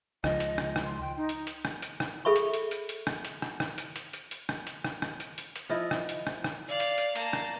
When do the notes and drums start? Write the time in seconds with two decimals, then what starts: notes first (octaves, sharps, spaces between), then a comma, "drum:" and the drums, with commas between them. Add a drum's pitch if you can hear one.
0.24 C#2 F3 D#5, drum: rim click
0.40 drum: hi-hat
0.58 drum: rim click
0.76 drum: rim click
0.85 C6
1.01 G5
1.17 D#4
1.29 drum: hi-hat
1.47 drum: hi-hat
1.65 drum: rim click
1.82 drum: hi-hat
2.00 drum: rim click
2.25 G#4 A4 E5 B5 C#6
2.36 drum: hi-hat
2.53 drum: hi-hat
2.71 drum: hi-hat
2.89 drum: hi-hat
3.07 drum: rim click
3.25 drum: hi-hat
3.42 drum: rim click
3.60 drum: rim click
3.78 drum: hi-hat
3.96 drum: hi-hat
4.13 drum: hi-hat
4.31 drum: hi-hat
4.49 drum: rim click
4.67 drum: hi-hat
4.84 drum: rim click
5.02 drum: rim click
5.20 drum: hi-hat
5.38 drum: hi-hat
5.56 drum: hi-hat
5.69 F3 E4 D#5
5.91 drum: rim click
6.09 drum: hi-hat
6.27 drum: rim click
6.44 drum: rim click
6.68 D5 F5
6.80 drum: hi-hat
6.98 drum: hi-hat
7.15 A#3 A5, drum: hi-hat
7.33 drum: rim click